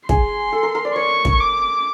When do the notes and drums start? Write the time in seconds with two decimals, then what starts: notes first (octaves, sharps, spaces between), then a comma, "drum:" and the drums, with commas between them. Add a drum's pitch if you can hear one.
0.09 G#4 C6, drum: kick
0.52 A4
0.63 A#4
0.75 A#4
0.85 D5
0.95 C#5 C#6
1.25 drum: kick
1.40 D6